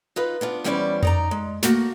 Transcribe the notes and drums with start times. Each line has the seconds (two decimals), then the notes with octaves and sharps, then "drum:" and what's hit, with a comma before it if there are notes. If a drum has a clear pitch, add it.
0.16 D#4 F4 B4
0.41 B3 D4 F4
0.64 E2 G3 C#4 E4 C5 D5
1.03 D#4 D5 A#5, drum: tom F2
1.31 G#3
1.63 A3 A#3 F#4, drum: snare